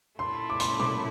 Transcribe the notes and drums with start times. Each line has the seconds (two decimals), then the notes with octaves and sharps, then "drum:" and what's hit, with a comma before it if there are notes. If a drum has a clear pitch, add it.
0.19 A#2 A3 E4 C6
0.50 D6
0.60 C6, drum: hi-hat
0.79 D6, drum: tom B2